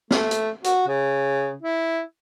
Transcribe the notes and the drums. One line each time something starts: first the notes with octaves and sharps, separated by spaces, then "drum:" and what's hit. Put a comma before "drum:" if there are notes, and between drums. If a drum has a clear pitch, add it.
A3, drum: snare
drum: hi-hat
F#4, drum: hi-hat
C#3
E4